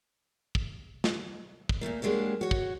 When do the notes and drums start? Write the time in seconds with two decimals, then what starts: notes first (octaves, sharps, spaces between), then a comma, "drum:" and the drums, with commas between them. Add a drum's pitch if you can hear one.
0.55 drum: kick
1.04 drum: snare
1.69 drum: kick
1.81 A#2 F3 A3 A#3
2.02 F#3 G#3 A#3 D4 G4
2.41 F#4 C#5
2.51 drum: kick